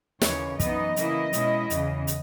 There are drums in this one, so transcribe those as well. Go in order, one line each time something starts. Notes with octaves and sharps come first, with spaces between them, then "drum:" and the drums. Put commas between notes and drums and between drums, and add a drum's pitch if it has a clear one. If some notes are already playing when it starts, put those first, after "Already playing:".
D#2 C#3 E3 C#5, drum: snare
F#2 E3 B3 D#4 D#5, drum: kick, hi-hat
C#3 E3 A#3 E4, drum: hi-hat
B2 G#3 C#4 E4, drum: hi-hat
E2 C#3 E3, drum: hi-hat
drum: hi-hat